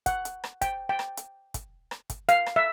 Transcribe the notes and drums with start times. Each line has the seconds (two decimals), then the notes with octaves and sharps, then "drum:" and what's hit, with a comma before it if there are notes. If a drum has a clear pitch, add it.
0.06 F#5, drum: kick, hi-hat
0.25 drum: hi-hat
0.44 drum: rim click
0.62 G5, drum: kick, hi-hat
0.89 G5
0.99 drum: rim click
1.17 drum: hi-hat
1.54 drum: kick, hi-hat
1.91 drum: rim click
2.10 drum: kick, hi-hat
2.29 F5, drum: hi-hat
2.46 drum: rim click
2.56 E5